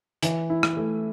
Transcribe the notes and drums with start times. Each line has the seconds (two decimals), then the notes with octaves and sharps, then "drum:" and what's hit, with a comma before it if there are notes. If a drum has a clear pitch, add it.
0.23 E3, drum: hi-hat
0.50 E4
0.63 drum: rim click
0.77 A3